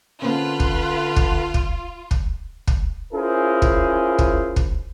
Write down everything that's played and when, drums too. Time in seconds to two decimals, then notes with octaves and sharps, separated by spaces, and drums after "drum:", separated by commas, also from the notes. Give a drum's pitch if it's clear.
0.22 D3 A#3 C4 C#4 F4 B4
0.60 drum: kick
1.16 drum: kick
1.54 drum: kick
2.11 drum: kick
2.67 drum: kick
3.13 C#4 E4 F4 G#4 A#4 C5
3.62 drum: kick
4.19 drum: kick
4.56 drum: kick